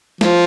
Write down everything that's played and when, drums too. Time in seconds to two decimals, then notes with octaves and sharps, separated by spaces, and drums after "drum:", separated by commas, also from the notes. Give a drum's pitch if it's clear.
0.21 F3, drum: snare